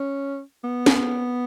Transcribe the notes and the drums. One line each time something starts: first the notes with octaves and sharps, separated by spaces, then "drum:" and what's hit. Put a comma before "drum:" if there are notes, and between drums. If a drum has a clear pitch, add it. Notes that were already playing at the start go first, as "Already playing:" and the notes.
Already playing: C#4
B3
drum: snare